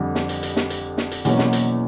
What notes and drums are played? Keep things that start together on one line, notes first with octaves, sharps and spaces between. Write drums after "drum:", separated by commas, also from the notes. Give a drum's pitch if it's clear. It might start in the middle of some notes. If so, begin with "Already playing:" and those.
Already playing: F2 D3 G3
drum: snare
drum: hi-hat
drum: hi-hat
drum: snare
drum: hi-hat
drum: snare
drum: hi-hat
E2 B2 F#3 A#3 C#4, drum: hi-hat
drum: snare
drum: hi-hat